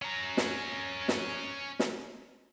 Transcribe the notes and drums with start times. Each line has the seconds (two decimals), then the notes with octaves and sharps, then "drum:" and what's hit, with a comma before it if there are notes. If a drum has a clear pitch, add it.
0.02 C#4 A#5
0.37 drum: snare
1.08 drum: snare
1.79 drum: snare